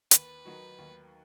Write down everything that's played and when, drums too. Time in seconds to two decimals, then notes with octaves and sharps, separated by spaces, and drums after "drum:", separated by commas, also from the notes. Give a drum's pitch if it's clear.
0.11 D#2 B4, drum: hi-hat
0.45 D#3 F#3 D#4 F#4
0.78 D#2